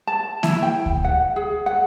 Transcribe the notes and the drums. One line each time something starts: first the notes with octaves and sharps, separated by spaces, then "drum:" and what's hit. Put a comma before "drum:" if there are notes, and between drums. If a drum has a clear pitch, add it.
A5
E4, drum: snare A#3
G5
drum: kick D2
F#5
G#4
F#5